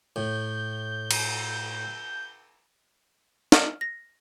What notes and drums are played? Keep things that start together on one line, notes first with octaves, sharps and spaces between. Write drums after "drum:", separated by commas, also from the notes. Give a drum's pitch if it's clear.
A2 G6
drum: cymbal
F6, drum: snare
A#6